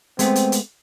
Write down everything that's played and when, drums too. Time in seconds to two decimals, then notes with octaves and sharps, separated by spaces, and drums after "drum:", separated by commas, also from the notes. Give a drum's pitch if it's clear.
0.19 G#3 A3 B3 C4, drum: hi-hat
0.35 drum: hi-hat
0.52 drum: hi-hat